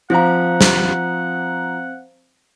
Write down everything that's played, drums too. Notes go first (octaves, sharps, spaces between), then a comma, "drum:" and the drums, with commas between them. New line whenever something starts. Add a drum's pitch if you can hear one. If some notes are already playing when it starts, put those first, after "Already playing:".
F3 C4 C5 F5 F#5 A#5
drum: snare